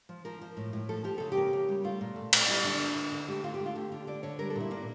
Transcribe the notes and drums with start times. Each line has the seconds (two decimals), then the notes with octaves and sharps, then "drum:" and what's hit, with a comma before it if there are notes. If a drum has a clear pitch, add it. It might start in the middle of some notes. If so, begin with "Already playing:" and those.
0.09 F3
0.25 F3 A#4
0.41 F3
0.57 A2
0.73 A2
0.89 F3 A4
1.04 F3 G4
1.18 C#3 A4
1.32 G4
1.37 A#3
1.53 C#3
1.69 G3
1.84 A3 F4
2.01 A#2
2.16 A3
2.33 A#2, drum: cymbal
2.48 G3 E4
2.64 D3 D4
2.79 A#3
2.96 D3
3.12 D3
3.28 A3 G4
3.44 D3 F4
3.54 G4
3.60 A3
3.66 F4
3.75 D3 G4
3.92 D3 F4
4.07 D3 D5
4.23 D3 C#5
4.39 G3 A#4
4.50 A4
4.56 A#2 E4
4.71 A#3 D4